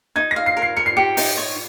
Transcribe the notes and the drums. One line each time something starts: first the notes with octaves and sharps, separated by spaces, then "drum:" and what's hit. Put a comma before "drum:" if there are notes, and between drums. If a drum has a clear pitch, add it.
D#4 G#6
A#6
F5
C7
A#4
C7
A#4 C#7
C7
G4 C#7
D#4, drum: open hi-hat
C#5